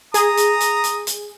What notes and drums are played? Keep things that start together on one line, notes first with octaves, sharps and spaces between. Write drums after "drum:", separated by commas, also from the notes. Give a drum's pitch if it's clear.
G#4 A#5 D#6, drum: hi-hat
drum: hi-hat
drum: hi-hat
drum: hi-hat
drum: hi-hat